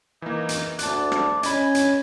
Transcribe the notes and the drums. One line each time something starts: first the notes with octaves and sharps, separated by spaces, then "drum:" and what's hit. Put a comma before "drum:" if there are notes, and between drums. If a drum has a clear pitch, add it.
E3 A#3 D#4
drum: hi-hat
D2 D5 A5 F#6, drum: hi-hat
drum: rim click
C#4 D#5 G#5 B5, drum: hi-hat
drum: hi-hat